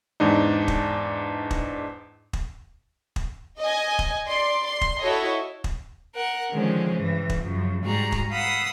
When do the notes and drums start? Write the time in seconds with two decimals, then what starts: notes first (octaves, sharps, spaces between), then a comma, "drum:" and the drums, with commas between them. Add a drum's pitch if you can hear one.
0.20 E2 G#2 D4 D#4
0.68 drum: kick
1.51 drum: kick
2.33 drum: kick
3.16 drum: kick
3.60 D#5 G#5
3.99 drum: kick
4.26 D5 C6
4.65 C6
4.81 drum: kick
5.01 E4 F#4 A4 C#5 D#5
5.64 drum: kick
6.15 A#4 F#5
6.51 D3 D#3 F3 G#3 C4 C#4
6.95 G2 C#3 E3
7.30 drum: kick
7.42 F#2 C#3 F3
7.84 G#2 G3 F#4 G#4 A#5
8.12 drum: kick
8.31 F5 F#5 B5 D#6 E6